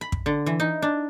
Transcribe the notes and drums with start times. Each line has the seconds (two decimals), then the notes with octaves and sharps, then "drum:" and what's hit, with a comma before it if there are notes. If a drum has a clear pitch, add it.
0.01 B5
0.12 drum: kick
0.26 D3
0.46 E3
0.60 D#4
0.82 D4